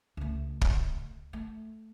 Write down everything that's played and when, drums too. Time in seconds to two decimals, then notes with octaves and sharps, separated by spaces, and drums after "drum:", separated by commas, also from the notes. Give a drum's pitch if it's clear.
0.17 C#2 A3
0.61 drum: kick
1.33 A3